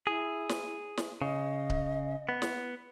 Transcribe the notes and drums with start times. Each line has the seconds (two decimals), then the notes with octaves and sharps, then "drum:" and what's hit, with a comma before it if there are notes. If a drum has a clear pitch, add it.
0.07 E4 G#4
0.49 drum: snare
0.97 drum: snare
1.22 C#3 D#5
1.70 drum: kick C#1
2.29 B3
2.42 drum: snare